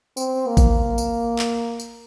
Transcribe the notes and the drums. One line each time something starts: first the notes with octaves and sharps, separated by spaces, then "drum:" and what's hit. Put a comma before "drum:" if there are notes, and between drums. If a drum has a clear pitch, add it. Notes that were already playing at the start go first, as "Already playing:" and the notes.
C4, drum: tambourine
A#3
drum: kick A1, tambourine
drum: tambourine
drum: clap
drum: tambourine